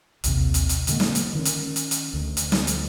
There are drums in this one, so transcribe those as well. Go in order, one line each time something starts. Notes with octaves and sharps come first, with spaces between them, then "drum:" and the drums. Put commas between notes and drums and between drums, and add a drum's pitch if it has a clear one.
A#1 D#2 C3, drum: hi-hat
drum: hi-hat
drum: hi-hat
A#2 D3 G#3 A#3, drum: hi-hat
drum: snare
drum: hi-hat
D#3 C#4
drum: hi-hat
drum: hi-hat
drum: hi-hat
D2
drum: hi-hat
drum: snare
drum: hi-hat